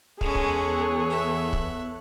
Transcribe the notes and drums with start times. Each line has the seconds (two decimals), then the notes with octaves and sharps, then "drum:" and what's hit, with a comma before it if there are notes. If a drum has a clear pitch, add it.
0.21 E2 G#3 B3 C#4 G#4 A4 C#5 F#6, drum: kick
0.35 drum: kick
1.10 E5
1.53 drum: kick